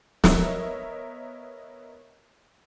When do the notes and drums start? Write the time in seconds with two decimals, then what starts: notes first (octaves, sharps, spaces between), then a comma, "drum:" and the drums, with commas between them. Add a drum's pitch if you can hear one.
0.24 B3 A#4 C#5 D#5 E5, drum: snare